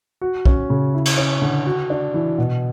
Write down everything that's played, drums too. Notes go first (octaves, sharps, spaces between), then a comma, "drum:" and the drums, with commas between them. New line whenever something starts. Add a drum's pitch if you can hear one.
F#4
C#4, drum: kick B1
C#3
E4
drum: cymbal
C#4
D3
F#4
D4
E3
B2